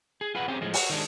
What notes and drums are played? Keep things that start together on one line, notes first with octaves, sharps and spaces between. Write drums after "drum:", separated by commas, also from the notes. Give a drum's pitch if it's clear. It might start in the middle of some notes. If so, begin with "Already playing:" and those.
G#4
F4 G#4 B4 F#5
C4 C#4 G4 G#4
A2 F3 G#3
F#4, drum: open hi-hat
D#3 G#3 D4